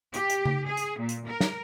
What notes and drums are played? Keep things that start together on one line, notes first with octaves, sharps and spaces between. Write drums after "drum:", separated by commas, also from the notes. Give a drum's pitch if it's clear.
G4, drum: hi-hat
drum: hi-hat
drum: tom C#3
G#4
drum: hi-hat
A#2
drum: hi-hat
A#4
drum: snare